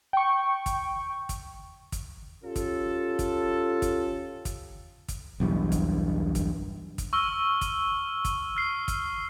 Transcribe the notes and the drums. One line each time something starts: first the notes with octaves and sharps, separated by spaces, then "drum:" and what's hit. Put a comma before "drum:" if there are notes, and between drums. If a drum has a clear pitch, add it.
G5 C#6
drum: kick, hi-hat
drum: kick, hi-hat
drum: kick, hi-hat
C#4 F4 G4 A4
drum: kick, hi-hat
drum: kick, hi-hat
drum: kick, hi-hat
drum: kick, hi-hat
drum: kick, hi-hat
B1 E2 G2
drum: kick, hi-hat
drum: kick, hi-hat
drum: kick, hi-hat
C#6 E6 F6 G7
drum: kick, hi-hat
drum: kick, hi-hat
F6 C7
drum: kick, hi-hat